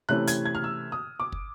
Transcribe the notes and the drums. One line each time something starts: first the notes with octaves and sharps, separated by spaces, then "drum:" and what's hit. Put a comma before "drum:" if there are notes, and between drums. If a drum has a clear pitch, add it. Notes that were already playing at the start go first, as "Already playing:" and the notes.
C3 E3 A3 C#4 E4 F#6
G#6, drum: hi-hat
G#6
F6
E6
D#6
D6
drum: kick